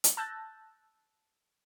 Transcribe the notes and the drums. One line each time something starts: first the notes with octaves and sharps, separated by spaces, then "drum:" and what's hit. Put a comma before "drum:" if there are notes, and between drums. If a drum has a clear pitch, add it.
drum: hi-hat
A5 E6 F#6 G6 A6 A#6